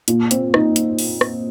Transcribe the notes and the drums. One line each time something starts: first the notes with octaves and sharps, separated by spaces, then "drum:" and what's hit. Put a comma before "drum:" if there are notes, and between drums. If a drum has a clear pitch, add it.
A#2, drum: hi-hat
C4, drum: hi-hat
D#4, drum: rim click
drum: hi-hat
drum: open hi-hat
drum: rim click